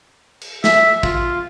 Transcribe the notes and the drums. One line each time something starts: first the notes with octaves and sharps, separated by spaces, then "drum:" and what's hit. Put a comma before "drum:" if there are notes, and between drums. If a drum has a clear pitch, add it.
drum: cymbal
E5, drum: snare
F4, drum: kick